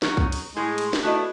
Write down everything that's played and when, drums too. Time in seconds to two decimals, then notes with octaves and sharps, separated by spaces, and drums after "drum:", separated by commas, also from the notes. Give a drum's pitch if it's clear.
0.02 F#3 C#4 D#4, drum: snare
0.17 drum: kick B1
0.32 drum: cymbal
0.56 A2 G#3 G#4
0.78 drum: cymbal
0.93 drum: snare
1.03 A3 B3 D4 E4 F#4 D#5